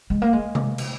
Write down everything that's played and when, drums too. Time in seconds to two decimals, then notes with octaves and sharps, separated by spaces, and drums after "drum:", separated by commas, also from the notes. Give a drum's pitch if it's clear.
0.10 G#3
0.22 A#3
0.33 G#3
0.55 drum: tom C3
0.78 drum: cymbal